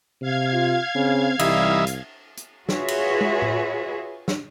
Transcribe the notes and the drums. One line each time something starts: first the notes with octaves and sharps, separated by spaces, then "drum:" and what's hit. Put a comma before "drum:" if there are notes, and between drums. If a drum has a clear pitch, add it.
C3 F5 G#6
F4
C#3 C4
C2 E3 G3 D#4 E5, drum: cymbal
drum: hi-hat
drum: hi-hat
F4 F#4 G#4 B4 C#5 E5, drum: snare
drum: cymbal
drum: tom
drum: tom A2
drum: snare